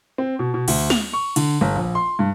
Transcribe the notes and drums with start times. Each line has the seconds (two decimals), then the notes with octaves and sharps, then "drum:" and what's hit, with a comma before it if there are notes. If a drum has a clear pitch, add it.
0.18 C4
0.39 B2
0.54 B2
0.68 D2, drum: cymbal
0.90 F7, drum: snare
1.13 C#6
1.36 D3, drum: cymbal
1.61 G1
1.76 A#1
1.95 C6
2.19 G2